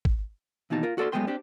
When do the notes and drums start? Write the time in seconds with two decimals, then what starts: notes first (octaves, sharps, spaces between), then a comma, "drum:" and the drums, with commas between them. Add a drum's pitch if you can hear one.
0.05 drum: kick
0.70 D#2 B2 E3 D#4 A5
0.83 F4 A#4
0.98 F#4 A4 D5 C6
1.12 F#2 G#3 A3 B3 G5 C6
1.27 C4 D4 G4